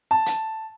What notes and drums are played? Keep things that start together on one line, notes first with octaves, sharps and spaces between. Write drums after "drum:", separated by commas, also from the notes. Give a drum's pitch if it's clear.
A5
drum: hi-hat